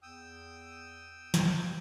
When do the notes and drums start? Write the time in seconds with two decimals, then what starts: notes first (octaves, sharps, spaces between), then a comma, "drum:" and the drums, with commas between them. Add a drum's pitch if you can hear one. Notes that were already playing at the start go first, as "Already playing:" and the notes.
0.03 E2 G5 D#6 E6
1.34 drum: snare